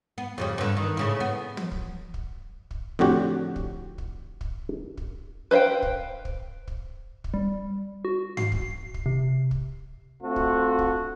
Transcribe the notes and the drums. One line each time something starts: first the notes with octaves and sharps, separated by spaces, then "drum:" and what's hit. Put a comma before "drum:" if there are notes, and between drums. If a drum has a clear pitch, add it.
B3
F2 C#3 G3
G2 D3
D#3
A2 C#3 E4
B3
drum: tom
drum: kick
drum: kick
drum: kick
F2 A2 D3 F#4 G4
drum: kick
drum: kick
drum: kick
drum: kick
B4 C5 D#5 F5 G5
drum: kick
drum: kick
drum: kick
drum: kick
G3
F#4
C7, drum: tom G2
drum: kick
drum: kick
C3
drum: kick
A3 C4 D4 F4 F#4 A4
drum: kick
drum: kick